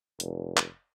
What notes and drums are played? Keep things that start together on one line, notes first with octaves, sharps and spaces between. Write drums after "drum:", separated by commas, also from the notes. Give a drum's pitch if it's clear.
F1, drum: hi-hat
drum: clap